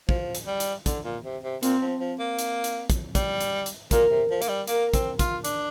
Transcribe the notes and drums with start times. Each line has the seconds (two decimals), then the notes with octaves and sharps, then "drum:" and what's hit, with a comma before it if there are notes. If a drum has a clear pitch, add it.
0.09 F3, drum: kick
0.35 drum: hi-hat
0.47 G3
0.60 drum: hi-hat
0.86 D3, drum: kick, hi-hat
1.04 A#2
1.24 C3
1.43 C3
1.63 A#2 C4, drum: hi-hat
1.82 F3
2.00 F3
2.19 A#3
2.39 drum: hi-hat
2.64 drum: hi-hat
2.90 drum: kick, hi-hat
3.15 G3, drum: kick, hi-hat
3.41 drum: hi-hat
3.66 drum: hi-hat
3.91 A#2 A#4, drum: kick, hi-hat
4.10 C3
4.30 F3
4.42 A#3, drum: hi-hat
4.49 G3
4.67 A#3 A#4, drum: hi-hat
4.94 C4, drum: kick, hi-hat
5.19 F4, drum: kick, hi-hat
5.45 D4, drum: hi-hat